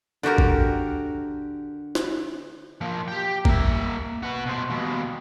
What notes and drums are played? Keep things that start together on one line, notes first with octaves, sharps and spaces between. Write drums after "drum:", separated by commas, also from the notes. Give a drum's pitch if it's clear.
D3 F#4 G4 A#4
drum: kick G#1
drum: snare
F3 A#3
G4 G5
A#3 E5, drum: kick G#1
F#4 B4
B2 C5
D#2 B2